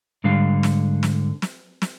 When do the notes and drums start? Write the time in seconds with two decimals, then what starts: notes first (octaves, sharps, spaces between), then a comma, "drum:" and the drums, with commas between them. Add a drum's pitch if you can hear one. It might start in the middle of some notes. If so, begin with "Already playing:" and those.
0.24 G#2 D3 G3 F5
0.63 drum: snare
1.03 drum: snare
1.42 drum: snare
1.82 drum: snare